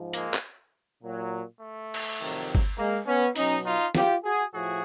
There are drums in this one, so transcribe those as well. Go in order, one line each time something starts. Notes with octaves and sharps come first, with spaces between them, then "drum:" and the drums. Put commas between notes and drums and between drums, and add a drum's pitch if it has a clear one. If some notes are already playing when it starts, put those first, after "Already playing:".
Already playing: G#2 F3
G#3 A#3, drum: hi-hat
drum: clap
A#2 F#3
A3
drum: cymbal
F2 C3 D#3 F#3
drum: kick G1
G#3 A#3
B3 C#4
B2 F#3 C#4 D#4, drum: open hi-hat
D#4 F4
F4 G4, drum: snare
F#4 G#4
A2 F3 F#4 G#4